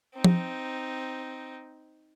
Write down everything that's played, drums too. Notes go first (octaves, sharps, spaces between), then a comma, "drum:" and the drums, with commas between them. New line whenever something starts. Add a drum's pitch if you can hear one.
C4 D#4
drum: tom F3